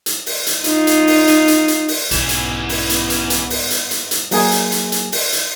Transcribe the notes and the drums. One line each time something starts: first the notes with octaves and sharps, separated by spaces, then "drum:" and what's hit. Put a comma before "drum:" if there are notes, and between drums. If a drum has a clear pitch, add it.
drum: hi-hat
drum: open hi-hat
drum: hi-hat
D#4 F4, drum: hi-hat
drum: hi-hat
drum: open hi-hat
drum: hi-hat
drum: hi-hat
drum: hi-hat
drum: open hi-hat
B1 G#2 E3 B3 C#4, drum: hi-hat
drum: hi-hat
drum: open hi-hat
drum: hi-hat
drum: hi-hat
drum: hi-hat
drum: open hi-hat
drum: hi-hat
drum: hi-hat
drum: hi-hat
F#3 A#3 G#4 G#5, drum: open hi-hat
drum: hi-hat
drum: hi-hat
drum: hi-hat
drum: open hi-hat
drum: hi-hat